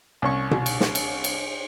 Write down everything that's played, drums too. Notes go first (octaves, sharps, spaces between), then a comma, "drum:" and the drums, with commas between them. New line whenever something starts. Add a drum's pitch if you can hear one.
C2 C#4 C#6
drum: tom B2
drum: cymbal
drum: snare
drum: cymbal
drum: cymbal